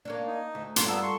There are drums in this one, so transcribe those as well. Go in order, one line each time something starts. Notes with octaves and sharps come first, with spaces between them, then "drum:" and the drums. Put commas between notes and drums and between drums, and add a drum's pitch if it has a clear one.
A#3 C#4 D4
D#4
D2 E5
G2 F4 A4 A#5 C6, drum: hi-hat
B3 A4 A#4 E6
C6 C#6